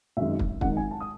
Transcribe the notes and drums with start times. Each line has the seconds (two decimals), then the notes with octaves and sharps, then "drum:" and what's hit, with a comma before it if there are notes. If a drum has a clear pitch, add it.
0.17 G#1 F#2 D#3 G#3 E5
0.39 drum: kick
0.61 G#1 F#2 D#3 G#3 F#5, drum: kick
0.77 G#5
0.91 A5
1.01 D#6